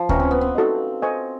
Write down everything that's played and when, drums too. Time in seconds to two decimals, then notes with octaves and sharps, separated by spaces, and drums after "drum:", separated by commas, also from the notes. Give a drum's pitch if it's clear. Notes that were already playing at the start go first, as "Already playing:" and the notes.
Already playing: F3
0.09 C#4 B4 E5 G5 A#5, drum: kick D2
0.20 C4
0.31 B3
0.41 C4
0.55 D#4 F#4 A4 C5 D#5
1.02 A4 C5 D#5 G#5 C#6